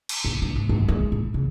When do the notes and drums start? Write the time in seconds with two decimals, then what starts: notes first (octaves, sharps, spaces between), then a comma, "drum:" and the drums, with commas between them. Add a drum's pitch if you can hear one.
0.09 drum: cymbal
0.24 A1
0.42 G2
0.56 G#2
0.69 F#2
0.88 G#3
1.12 A2
1.34 C#3